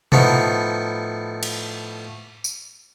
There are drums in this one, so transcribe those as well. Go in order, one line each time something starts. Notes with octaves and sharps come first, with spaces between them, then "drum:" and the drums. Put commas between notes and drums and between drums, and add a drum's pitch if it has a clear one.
A2 F3 B3 D#4, drum: tom B2
drum: cymbal
drum: tambourine